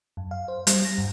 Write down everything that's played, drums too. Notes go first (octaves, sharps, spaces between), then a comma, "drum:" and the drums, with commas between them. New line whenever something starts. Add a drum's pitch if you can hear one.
F#2
F5
C5
G3, drum: hi-hat
A#6
G2